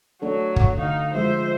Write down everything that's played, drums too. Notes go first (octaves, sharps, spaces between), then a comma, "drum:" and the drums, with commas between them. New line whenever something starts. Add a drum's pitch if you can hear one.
F#3 A3 D4 A4
drum: kick
D3 D#4 F5
F3 G#3 F4 C5 E5